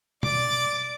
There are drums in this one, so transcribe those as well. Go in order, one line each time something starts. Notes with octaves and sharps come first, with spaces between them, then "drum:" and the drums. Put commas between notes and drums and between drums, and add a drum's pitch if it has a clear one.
D5 D6, drum: tom B2